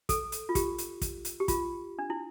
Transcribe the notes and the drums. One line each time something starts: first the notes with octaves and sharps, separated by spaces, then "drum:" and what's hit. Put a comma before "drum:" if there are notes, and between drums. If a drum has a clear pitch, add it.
A4, drum: kick, hi-hat
drum: hi-hat
F4
G4, drum: kick, hi-hat
drum: hi-hat
drum: kick, hi-hat
drum: hi-hat
G4
F4, drum: kick, hi-hat
D4
E4